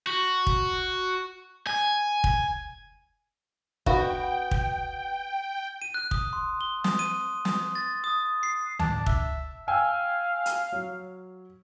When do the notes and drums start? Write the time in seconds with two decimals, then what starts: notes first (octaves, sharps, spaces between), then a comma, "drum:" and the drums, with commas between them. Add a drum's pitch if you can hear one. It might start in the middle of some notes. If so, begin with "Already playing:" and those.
0.07 F#4
0.47 drum: kick
1.67 G#5
2.24 drum: kick
3.86 B3 F#4 G5, drum: kick
4.51 drum: kick
5.82 D#7
5.94 F#6
6.11 D#6, drum: kick
6.33 C6
6.61 G7
6.84 D#6, drum: snare
6.99 D#7
7.45 D#6, drum: snare
7.75 A6
8.04 D#6
8.43 C7
8.79 D4 A5, drum: tom C#2
9.06 E5, drum: kick
9.68 F5 G5 G#5 E6
10.46 drum: hi-hat
10.72 F#3